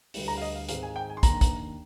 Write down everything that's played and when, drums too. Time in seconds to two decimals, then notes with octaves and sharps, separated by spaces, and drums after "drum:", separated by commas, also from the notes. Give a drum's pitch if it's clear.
0.14 D2 D3 G3 D4, drum: open hi-hat
0.28 A#5
0.37 F5
0.42 D#5
0.56 F5
0.69 G#2 D#3 G#3 C4 F5, drum: hi-hat
0.83 G#5
0.96 G5
1.10 G#5
1.17 C6
1.23 D#2 D#3 A#3 D4 A#5, drum: kick, hi-hat
1.41 drum: kick, hi-hat